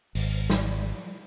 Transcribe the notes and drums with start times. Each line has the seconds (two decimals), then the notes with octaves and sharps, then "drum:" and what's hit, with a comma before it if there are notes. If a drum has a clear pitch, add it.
0.15 G#1, drum: open hi-hat
0.50 drum: snare